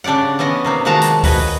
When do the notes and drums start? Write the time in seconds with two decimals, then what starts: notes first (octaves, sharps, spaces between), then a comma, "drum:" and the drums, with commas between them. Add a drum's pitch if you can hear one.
0.04 C#3 D4 G4 D5 F#5
0.39 E3 B3 C#4 D#5 F#5
0.65 C3 A#3 D#4
0.85 D#3 F3 G#3 F#4 A5 A#5
1.01 drum: hi-hat
1.23 F#4 B4 D#5 G#5, drum: kick D2, open hi-hat